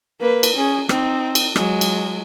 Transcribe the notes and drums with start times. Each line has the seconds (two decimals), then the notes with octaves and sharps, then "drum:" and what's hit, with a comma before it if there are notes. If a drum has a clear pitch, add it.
0.21 A#3 B4
0.43 drum: cymbal
0.55 C#4 G#4
0.89 C4 D#4, drum: rim click
1.35 drum: cymbal
1.56 F#3 G#3, drum: rim click
1.81 drum: cymbal